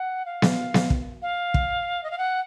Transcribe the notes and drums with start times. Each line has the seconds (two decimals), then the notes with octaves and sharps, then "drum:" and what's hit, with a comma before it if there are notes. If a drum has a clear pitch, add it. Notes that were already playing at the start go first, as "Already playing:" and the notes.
Already playing: F#5
0.26 F5
0.42 drum: snare B3
0.74 drum: snare B3
0.90 drum: kick
1.22 F5
1.54 drum: kick
2.04 D#5
2.11 F5
2.18 F#5